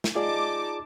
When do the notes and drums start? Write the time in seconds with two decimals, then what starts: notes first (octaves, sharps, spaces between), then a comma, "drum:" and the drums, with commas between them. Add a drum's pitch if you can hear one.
0.04 drum: snare
0.15 D#4 F4 G#4 D5 A5 D6